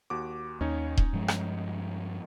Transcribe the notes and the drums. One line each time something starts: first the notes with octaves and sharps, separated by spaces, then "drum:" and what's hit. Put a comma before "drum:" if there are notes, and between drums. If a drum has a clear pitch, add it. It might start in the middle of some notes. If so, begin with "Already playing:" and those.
D#2 F#4 D6
D#2 C#4 D#4 C#5
drum: kick D#1
G2 F3 G#3
drum: rim click